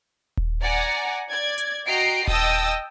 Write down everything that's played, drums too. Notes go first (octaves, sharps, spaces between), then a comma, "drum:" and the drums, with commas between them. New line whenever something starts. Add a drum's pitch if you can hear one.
drum: kick D#1
D5 F#5 G#5 A#5
D5 G#6
drum: hi-hat
F#4 D#5 G5 A#5 C7 D7
D#5 G5 A5 D#6 E6 A#6, drum: kick D#1